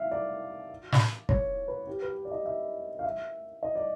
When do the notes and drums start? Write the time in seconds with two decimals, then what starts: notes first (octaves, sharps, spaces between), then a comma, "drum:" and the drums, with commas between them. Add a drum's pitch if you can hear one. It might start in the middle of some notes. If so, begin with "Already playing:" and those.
Already playing: E5 F5
0.11 D5
0.92 drum: snare
1.29 C#5, drum: kick
1.68 B4
1.87 G4
2.02 B4
2.25 D5
2.32 D#5
2.46 E5
2.99 F5
3.04 E5
3.63 D#5
3.75 D5